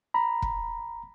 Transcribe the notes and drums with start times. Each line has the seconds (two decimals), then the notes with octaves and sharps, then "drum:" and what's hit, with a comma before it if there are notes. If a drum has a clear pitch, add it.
0.14 A#5 B5
0.42 drum: kick